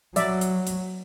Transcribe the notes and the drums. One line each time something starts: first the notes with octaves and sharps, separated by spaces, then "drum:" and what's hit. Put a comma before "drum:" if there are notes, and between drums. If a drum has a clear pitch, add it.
F#3 D5 E5, drum: hi-hat
drum: hi-hat
drum: hi-hat